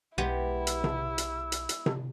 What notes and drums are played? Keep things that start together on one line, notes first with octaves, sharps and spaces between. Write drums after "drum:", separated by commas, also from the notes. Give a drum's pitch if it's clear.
B1 G#3 B3 E4 G4
E6, drum: hi-hat
drum: tom C3
drum: hi-hat
drum: hi-hat
drum: hi-hat
drum: tom C3